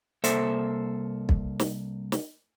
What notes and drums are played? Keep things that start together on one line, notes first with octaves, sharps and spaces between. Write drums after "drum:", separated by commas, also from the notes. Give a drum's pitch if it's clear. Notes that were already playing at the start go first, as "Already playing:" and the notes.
C2 A#3 A4 C5 E5, drum: hi-hat
drum: kick
drum: snare
drum: snare